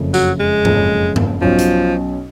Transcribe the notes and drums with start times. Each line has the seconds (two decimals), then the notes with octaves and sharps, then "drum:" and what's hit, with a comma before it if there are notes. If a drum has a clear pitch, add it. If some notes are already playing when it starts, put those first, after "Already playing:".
Already playing: F#1 F2 C#3
0.14 F#3, drum: tambourine
0.40 G#3
0.65 F#1 F2 C#3, drum: tom G#2
1.16 drum: tom G2
1.41 B1 B2 F3 F#3 C#4
1.58 drum: hi-hat